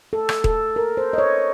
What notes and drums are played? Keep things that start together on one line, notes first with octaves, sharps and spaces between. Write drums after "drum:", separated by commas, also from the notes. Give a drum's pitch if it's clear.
A4
drum: rim click
A4, drum: kick D#1
A#4
C5
D#5
C#5